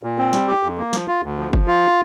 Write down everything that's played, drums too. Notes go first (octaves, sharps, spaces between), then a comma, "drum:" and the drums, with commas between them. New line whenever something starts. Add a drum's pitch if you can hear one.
A#2
C4
G3, drum: snare
G4
F2
A#3
F3, drum: snare
F4
D2
F3
F3, drum: kick F#1
F4